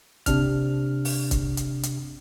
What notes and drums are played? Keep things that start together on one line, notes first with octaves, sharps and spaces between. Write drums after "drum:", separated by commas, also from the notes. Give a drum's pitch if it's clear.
C3 D4 F6, drum: kick C#1, hi-hat
drum: open hi-hat
drum: kick C#1, hi-hat
drum: hi-hat
drum: hi-hat